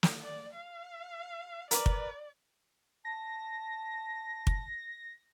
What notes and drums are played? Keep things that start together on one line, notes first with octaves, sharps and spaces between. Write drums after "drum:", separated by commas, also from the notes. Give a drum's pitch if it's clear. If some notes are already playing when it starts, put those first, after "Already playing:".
drum: snare
D5
F5
A#4 B4 D5 D6, drum: hi-hat
drum: kick
A5 A#6
drum: kick